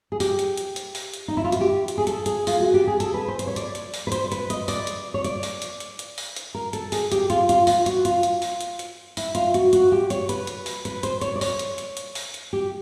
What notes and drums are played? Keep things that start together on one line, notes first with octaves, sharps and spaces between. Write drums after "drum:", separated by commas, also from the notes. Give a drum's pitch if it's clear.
G#4
G4, drum: open hi-hat
drum: hi-hat
drum: hi-hat
drum: hi-hat
drum: open hi-hat
drum: hi-hat
D#4
E4
F4
F#4, drum: hi-hat
G4
drum: hi-hat
G#4
A4, drum: hi-hat
G#4, drum: hi-hat
F4, drum: open hi-hat
F#4
G4
G#4
A4, drum: hi-hat
B4
C5
C5, drum: hi-hat
C#5
D5, drum: hi-hat
drum: hi-hat
drum: open hi-hat
B4
C5, drum: hi-hat
B4, drum: hi-hat
D#5, drum: hi-hat
D5, drum: open hi-hat
drum: hi-hat
C#5
D5, drum: hi-hat
drum: open hi-hat
drum: hi-hat
drum: hi-hat
drum: hi-hat
drum: open hi-hat
drum: hi-hat
A#4
A4, drum: hi-hat
G#4, drum: open hi-hat
G4, drum: hi-hat
F4, drum: hi-hat
F4, drum: hi-hat
F4, drum: open hi-hat
F#4, drum: hi-hat
F4, drum: hi-hat
drum: hi-hat
drum: open hi-hat
drum: hi-hat
drum: hi-hat
E4, drum: open hi-hat
F4, drum: hi-hat
F#4, drum: hi-hat
F#4, drum: hi-hat
G4
C#5, drum: hi-hat
B4, drum: hi-hat
drum: hi-hat
drum: open hi-hat
B4, drum: hi-hat
C5, drum: hi-hat
C#5, drum: hi-hat
D5
C#5, drum: open hi-hat
drum: hi-hat
drum: hi-hat
drum: hi-hat
drum: open hi-hat
drum: hi-hat
G4